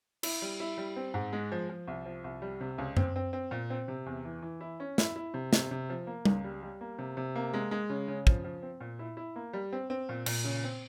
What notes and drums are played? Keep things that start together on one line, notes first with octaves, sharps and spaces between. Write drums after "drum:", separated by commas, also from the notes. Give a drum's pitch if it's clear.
E4, drum: cymbal
G3
E4
G3
C4
G#2
G#3
F3
F3
C2
F3
C2
G3
C3
C#2
C4, drum: tom F#2
C4
C4
A#2
C4
C3
E2
E3
E3
E4
C#4
E4, drum: snare
E4
C3
C3, drum: snare
C3
F3
A#3
C#2, drum: tom G3
G3
G3
A#3
C3
C3
A#3
G#3
G#3
C#3
C#3
F3, drum: kick
F3
C4
A#2
E4
E4
A#3
G3
C4
C4
A#2
A#2, drum: cymbal
C#3
C4